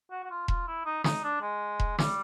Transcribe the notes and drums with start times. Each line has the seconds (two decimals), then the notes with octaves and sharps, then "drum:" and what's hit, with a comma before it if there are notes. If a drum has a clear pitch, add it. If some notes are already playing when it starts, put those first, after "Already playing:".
0.11 F#4
0.24 F#4
0.31 F4
0.48 F4, drum: kick E1
0.68 E4
0.86 D#4
1.04 D#4, drum: snare
1.24 D4
1.42 G#3
1.80 drum: kick E1
1.99 G3, drum: snare